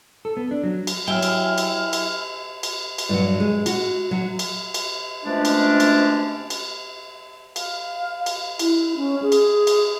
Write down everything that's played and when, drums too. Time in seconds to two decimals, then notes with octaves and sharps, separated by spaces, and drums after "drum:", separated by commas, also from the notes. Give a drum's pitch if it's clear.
0.25 A4
0.37 B3
0.51 D4
0.64 F#3
0.87 drum: cymbal
1.08 F#3 E4 G5 G#5 E6 F6
1.23 drum: cymbal
1.58 drum: cymbal
1.93 drum: cymbal
2.63 drum: cymbal
2.98 drum: cymbal
3.09 G2 F#3
3.40 G#3
3.66 F#4, drum: cymbal
4.11 F#3
4.39 drum: cymbal
4.74 drum: cymbal
5.25 B2 F3 G#3 A3 C#4 D4
5.45 drum: cymbal
5.80 drum: cymbal
6.50 drum: cymbal
7.56 F5, drum: cymbal
8.26 drum: cymbal
8.59 E4, drum: cymbal
8.97 C#4
9.22 G#4
9.32 drum: cymbal
9.67 drum: cymbal